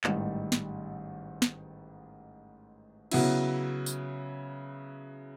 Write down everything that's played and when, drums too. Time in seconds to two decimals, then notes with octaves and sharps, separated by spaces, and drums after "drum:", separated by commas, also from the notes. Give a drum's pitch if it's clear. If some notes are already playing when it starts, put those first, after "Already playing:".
0.04 A1 G#2 D#3 G3, drum: clap
0.52 drum: snare
1.42 drum: snare
3.11 C#3 F#3 B3 E4, drum: cymbal
3.86 drum: tambourine